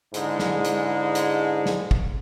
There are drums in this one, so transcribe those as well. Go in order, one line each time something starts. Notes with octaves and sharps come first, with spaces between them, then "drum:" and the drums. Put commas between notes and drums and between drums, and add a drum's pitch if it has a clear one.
G#2 D3 G#3 E4, drum: hi-hat
drum: snare
drum: hi-hat
drum: hi-hat
drum: snare
drum: kick